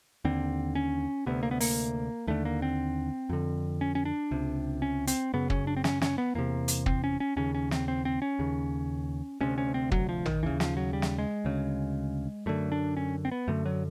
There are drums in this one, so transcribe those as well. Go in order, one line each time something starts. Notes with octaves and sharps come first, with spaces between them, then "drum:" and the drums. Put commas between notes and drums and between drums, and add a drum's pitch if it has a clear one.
D#2 D3 C4
C#4
D2 C3 B3
A#3
B3
A#3, drum: open hi-hat
D#2 D3 A3
A#3
C4
F2 D3
C#4
C#4
D4
C#2 C3
C#4
C4, drum: hi-hat
F#2 C#3 B3
C#4, drum: kick
D4
C4
C#4, drum: snare
C#4, drum: snare
B3
E2 C3 A#3
drum: hi-hat
C4, drum: kick
C#4
C#4
D#2 C#3 C#4
C#4
C4, drum: snare
C4
C4
C#4
D#2 C#3
D2 C3 C#4
C#4
C4
F#3, drum: kick
F3
D#3, drum: tom
D#2 C#3 E3
F3, drum: snare
F#3
G3
drum: snare
G#3
D2 C#3
F#2 D3 A3
D4
C#4
C4
B3
F#2 D3 A3
F#3